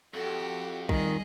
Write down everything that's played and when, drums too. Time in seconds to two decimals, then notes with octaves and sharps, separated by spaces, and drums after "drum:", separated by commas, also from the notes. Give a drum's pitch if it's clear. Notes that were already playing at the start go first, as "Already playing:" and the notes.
0.14 F2 F#4 G4 A4
0.89 D#3 G3 G#4 D#5, drum: kick A#1